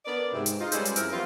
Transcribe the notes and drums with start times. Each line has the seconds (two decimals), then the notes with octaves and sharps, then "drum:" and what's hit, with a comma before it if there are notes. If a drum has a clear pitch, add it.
0.05 B3 D4 A#4 D5
0.33 G#2 C3
0.46 drum: hi-hat
0.60 D#4 F4
0.72 G3 G#3 C#4 A4 B4 C5, drum: hi-hat
0.85 drum: hi-hat
0.96 F#2 F3 C4 E4 A#4, drum: hi-hat
1.12 E3 G3 B3 F4